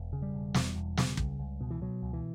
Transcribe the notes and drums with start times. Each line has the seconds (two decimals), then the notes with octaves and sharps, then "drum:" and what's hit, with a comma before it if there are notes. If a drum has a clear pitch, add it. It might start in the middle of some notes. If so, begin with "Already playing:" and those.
Already playing: E1
0.13 C#3
0.22 G3
0.34 E1
0.54 E2, drum: snare
0.76 E1
0.97 C#3, drum: snare
1.17 C#2, drum: kick
1.39 C#2
1.60 B2
1.71 E3
1.81 B2 F#3
2.03 C#2
2.13 E3